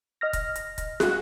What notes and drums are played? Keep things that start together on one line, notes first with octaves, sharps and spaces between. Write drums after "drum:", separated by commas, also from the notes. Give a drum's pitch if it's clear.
D#5 F6 A#6
drum: kick C#1, hi-hat
drum: hi-hat
drum: kick C#1, hi-hat
G#3 F#4 F#6, drum: snare